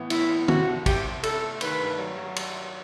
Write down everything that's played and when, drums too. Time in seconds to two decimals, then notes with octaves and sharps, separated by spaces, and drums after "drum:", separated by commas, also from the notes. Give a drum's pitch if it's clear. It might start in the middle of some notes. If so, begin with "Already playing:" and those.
Already playing: A2 E3 B3
0.10 G1 E4, drum: cymbal
0.30 B3
0.48 C3 F#4, drum: tom
0.67 C2
0.86 C3 G4, drum: kick, cymbal
1.05 C2
1.23 G1 A4, drum: cymbal
1.43 A3
1.61 D#3 B4, drum: cymbal
1.80 G2
1.99 F#3
2.17 F#3
2.36 drum: cymbal